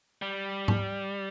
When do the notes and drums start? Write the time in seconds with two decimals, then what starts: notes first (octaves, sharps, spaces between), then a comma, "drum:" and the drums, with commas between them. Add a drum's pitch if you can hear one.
0.22 G3
0.68 drum: tom G#2